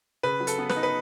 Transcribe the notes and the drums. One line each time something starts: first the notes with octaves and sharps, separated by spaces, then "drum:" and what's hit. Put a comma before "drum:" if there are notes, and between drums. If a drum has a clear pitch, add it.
C#3 B4
F#3
A4, drum: hi-hat
B3
B4, drum: snare
D#4
B4